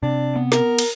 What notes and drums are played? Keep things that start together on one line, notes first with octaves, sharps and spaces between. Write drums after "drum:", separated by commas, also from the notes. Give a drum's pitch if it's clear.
C3 D4
B3
A#4, drum: snare
drum: cymbal